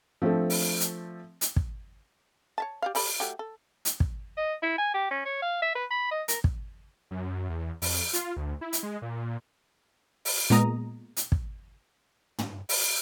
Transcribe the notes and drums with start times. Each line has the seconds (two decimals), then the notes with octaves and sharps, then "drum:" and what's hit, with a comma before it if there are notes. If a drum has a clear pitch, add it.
0.22 F3 A3 C4 D4 A4
0.50 drum: open hi-hat
0.80 drum: hi-hat
1.41 drum: hi-hat
1.56 drum: kick
2.58 C#5 E5 A5
2.82 G4 D5 F5
2.95 G3 A4 B5, drum: open hi-hat
3.20 F#3 A3 G4
3.39 A4
3.85 drum: hi-hat
4.00 drum: kick
4.37 D#5
4.63 E4
4.78 G#5
4.94 G4
5.11 C#4
5.25 C#5
5.42 F5
5.62 E5
5.75 B4
5.90 B5
6.11 D#5
6.28 A#4, drum: hi-hat
6.44 drum: kick
7.11 F#2
7.49 E2
7.82 F2, drum: open hi-hat
8.13 F4, drum: hi-hat
8.37 D2
8.61 E4
8.73 drum: hi-hat
8.83 G#3
9.02 A#2
10.25 drum: open hi-hat
10.50 A#2 G#3 B3 A#5 D#6
11.17 drum: hi-hat
11.32 drum: kick
12.38 drum: tom
12.69 drum: open hi-hat